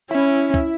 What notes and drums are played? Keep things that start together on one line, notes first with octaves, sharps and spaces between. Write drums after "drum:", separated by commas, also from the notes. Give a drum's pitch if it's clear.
C#4 E4
drum: kick